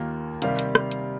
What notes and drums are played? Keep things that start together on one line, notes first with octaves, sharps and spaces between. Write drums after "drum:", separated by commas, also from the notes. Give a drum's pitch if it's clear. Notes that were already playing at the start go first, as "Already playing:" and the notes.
Already playing: D#2 D#3 A#3 F4
C3 D#3 G3 F5, drum: hi-hat
drum: hi-hat
drum: rim click
drum: hi-hat